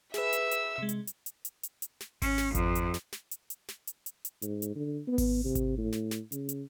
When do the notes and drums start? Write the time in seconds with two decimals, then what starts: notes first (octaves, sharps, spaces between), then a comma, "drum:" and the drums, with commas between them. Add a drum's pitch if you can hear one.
0.14 G#4 B4 E5 E6, drum: snare
0.33 drum: hi-hat
0.51 drum: hi-hat
0.78 C3 G#3
0.89 drum: hi-hat
1.07 drum: hi-hat
1.26 drum: hi-hat
1.45 drum: hi-hat
1.63 drum: hi-hat
1.82 drum: hi-hat
2.01 drum: snare
2.22 C#4, drum: kick G#1, open hi-hat
2.38 drum: snare
2.55 F2, drum: kick G#1, hi-hat
2.75 drum: hi-hat
2.94 drum: snare
3.13 drum: snare
3.31 drum: hi-hat
3.50 drum: hi-hat
3.69 drum: snare
3.87 drum: hi-hat
4.06 drum: hi-hat
4.25 drum: hi-hat
4.42 G#2, drum: hi-hat
4.62 drum: hi-hat
4.76 D3
5.08 B3
5.18 drum: kick G#1, open hi-hat
5.44 C3
5.55 drum: kick G#1, hi-hat
5.78 A2
5.93 drum: snare
6.11 drum: snare
6.32 C#3, drum: hi-hat
6.49 drum: hi-hat